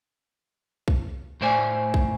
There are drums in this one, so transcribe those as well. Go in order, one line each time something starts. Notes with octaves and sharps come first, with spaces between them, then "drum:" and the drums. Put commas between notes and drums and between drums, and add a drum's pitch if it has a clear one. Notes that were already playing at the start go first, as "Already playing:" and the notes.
drum: kick B1
A2 A3 C5 D5 G#5
drum: kick B1